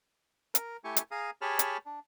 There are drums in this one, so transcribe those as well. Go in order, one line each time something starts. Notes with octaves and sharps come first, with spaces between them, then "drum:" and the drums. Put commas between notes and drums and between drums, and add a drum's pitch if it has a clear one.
A#4, drum: hi-hat
A3 E4 G4 G#5 C#6
drum: hi-hat
G#4 F5 A#5 D#6
G4 G#4 C#5 A5 B5 F6
drum: hi-hat
D4